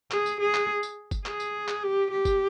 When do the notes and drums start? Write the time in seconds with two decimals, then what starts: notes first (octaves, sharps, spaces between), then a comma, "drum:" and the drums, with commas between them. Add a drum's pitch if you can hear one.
0.11 G#4, drum: clap
0.26 drum: tambourine
0.40 G#4
0.54 drum: clap
0.83 drum: tambourine
1.11 drum: kick F#1, tambourine
1.26 G#4, drum: clap
1.40 drum: tambourine
1.68 drum: clap
1.83 G4
2.11 G4
2.25 drum: kick F#1, tambourine